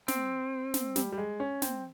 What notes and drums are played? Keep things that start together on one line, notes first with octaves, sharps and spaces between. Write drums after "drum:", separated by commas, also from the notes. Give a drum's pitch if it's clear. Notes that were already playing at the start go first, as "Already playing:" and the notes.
C4, drum: snare
drum: snare
G3, drum: snare
G3
G#3
C#4
C4, drum: snare